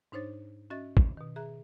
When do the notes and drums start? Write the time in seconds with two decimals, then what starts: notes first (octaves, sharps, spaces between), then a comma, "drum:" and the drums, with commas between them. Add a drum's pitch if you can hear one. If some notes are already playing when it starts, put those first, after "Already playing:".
0.12 G#2 D4 D#4 C5 C#5 A6
0.70 C#4 F#4 D#5 E5 A6
0.97 drum: kick
1.17 B2 D#3
1.36 G#4 E5 A#5 F#6